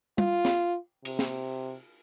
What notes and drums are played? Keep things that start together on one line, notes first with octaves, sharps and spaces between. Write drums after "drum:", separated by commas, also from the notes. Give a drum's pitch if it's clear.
F4, drum: tom
drum: snare
C3, drum: cymbal
drum: snare